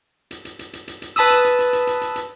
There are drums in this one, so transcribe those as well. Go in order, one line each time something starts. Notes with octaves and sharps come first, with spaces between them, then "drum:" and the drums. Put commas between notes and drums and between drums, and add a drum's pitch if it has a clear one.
drum: hi-hat
drum: hi-hat
drum: hi-hat
drum: hi-hat
drum: hi-hat
drum: hi-hat
B4 A5 B5 D#6 E6, drum: hi-hat
drum: hi-hat
drum: hi-hat
drum: hi-hat
drum: hi-hat
drum: hi-hat
drum: hi-hat
drum: hi-hat